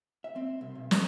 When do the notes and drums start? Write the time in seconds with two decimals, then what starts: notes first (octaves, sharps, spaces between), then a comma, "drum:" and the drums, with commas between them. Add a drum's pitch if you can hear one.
0.24 E5
0.36 C4
0.61 C2
0.75 B1
0.91 D5, drum: snare